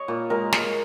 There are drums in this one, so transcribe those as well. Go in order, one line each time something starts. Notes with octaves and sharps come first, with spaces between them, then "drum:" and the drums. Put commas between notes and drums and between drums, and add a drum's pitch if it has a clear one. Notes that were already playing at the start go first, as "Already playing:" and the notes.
Already playing: C#5 D#5
A#2
G#3 A#4
G#3, drum: snare